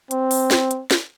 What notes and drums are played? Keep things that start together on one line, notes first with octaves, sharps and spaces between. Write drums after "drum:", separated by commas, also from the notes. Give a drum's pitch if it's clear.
C4, drum: hi-hat
drum: open hi-hat
drum: snare
drum: hi-hat
drum: snare